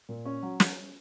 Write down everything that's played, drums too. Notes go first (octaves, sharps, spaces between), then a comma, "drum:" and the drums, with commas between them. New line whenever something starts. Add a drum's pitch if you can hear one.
A#2
C#4
F#3
drum: snare